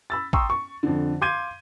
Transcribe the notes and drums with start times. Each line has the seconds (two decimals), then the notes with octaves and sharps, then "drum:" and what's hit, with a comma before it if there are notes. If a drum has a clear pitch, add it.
0.10 B5 E6 A6
0.33 G5 A#5 C6 C#6 D#6 E6, drum: kick
0.50 C#6
0.83 F2 D3
1.21 F5 C6 D6 G6 G#6 D#7